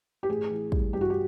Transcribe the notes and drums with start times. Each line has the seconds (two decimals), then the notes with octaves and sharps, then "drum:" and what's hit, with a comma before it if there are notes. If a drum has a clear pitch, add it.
0.23 G4
0.29 A1 G#4
0.50 E3
0.72 G3, drum: kick
0.93 G2 G4
1.01 F#4
1.10 G4